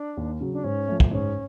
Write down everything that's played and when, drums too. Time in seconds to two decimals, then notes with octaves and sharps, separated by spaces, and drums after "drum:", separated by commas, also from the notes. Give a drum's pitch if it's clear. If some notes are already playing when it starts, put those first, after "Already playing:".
Already playing: D4
0.17 D#2
0.41 C#3 F#3
0.52 D4
0.64 G#2 C#4
0.88 F3 A3
1.00 drum: kick
1.11 G#2 C#4